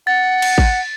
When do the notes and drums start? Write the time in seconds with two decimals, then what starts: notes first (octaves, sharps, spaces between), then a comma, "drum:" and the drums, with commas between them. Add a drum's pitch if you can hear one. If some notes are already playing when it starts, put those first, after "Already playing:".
0.07 F#5 A6
0.42 drum: cymbal
0.58 drum: kick